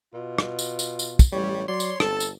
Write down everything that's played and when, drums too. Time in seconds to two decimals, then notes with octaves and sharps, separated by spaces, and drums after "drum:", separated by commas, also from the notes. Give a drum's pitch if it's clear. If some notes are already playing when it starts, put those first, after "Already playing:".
0.14 B2 F4
0.38 drum: rim click
0.59 drum: tambourine
0.79 drum: tambourine
0.99 drum: tambourine
1.19 drum: kick, tambourine
1.32 A1 G3 C#5
1.68 F#3 C#5 D5 C6
1.80 drum: tambourine
2.00 G1 C4 A4 A5, drum: rim click
2.20 drum: tambourine